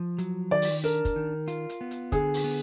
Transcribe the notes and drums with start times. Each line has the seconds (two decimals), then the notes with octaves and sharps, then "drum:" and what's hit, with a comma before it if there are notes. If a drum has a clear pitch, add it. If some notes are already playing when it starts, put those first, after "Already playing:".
Already playing: F3
0.18 F#3, drum: hi-hat
0.51 D#3 D5
0.62 drum: open hi-hat
0.84 D4 A#4, drum: hi-hat
1.05 drum: kick, hi-hat
1.16 D#3
1.48 F4, drum: hi-hat
1.69 drum: hi-hat
1.81 B3
1.91 drum: hi-hat
2.12 D3 G#4, drum: kick, hi-hat
2.34 drum: open hi-hat
2.44 B3